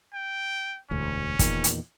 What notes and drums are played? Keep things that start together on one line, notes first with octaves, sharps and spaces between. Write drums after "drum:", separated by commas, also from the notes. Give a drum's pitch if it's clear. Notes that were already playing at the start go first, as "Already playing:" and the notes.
G5
E1 D2 C#4
E2 A#2 D#3, drum: kick, hi-hat
drum: hi-hat